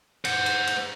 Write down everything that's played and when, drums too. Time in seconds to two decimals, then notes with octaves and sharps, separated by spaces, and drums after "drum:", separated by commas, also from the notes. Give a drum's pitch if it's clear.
0.25 C5 F#5, drum: cymbal
0.46 drum: cymbal
0.67 drum: cymbal